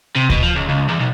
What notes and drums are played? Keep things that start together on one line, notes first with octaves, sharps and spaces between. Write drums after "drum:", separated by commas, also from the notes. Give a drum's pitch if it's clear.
C3
B2, drum: kick D2
F3
C#2
C#2
E2
B1